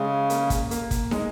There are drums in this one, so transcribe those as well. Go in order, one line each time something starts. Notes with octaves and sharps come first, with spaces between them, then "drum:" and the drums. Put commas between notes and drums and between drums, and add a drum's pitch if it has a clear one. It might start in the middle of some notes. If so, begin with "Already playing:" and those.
Already playing: C#3 G#3
A#3, drum: hi-hat
drum: kick, hi-hat
A#3, drum: hi-hat
drum: kick, hi-hat
G#3, drum: snare